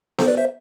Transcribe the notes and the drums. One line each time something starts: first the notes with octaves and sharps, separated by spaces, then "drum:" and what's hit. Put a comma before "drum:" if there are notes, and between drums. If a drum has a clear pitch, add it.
A4 C5, drum: snare B3
B4 D5
C5 E5